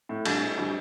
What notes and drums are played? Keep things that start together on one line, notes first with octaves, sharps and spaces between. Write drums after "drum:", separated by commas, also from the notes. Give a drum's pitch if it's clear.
A2
G3 D4, drum: cymbal
A2
G3 D4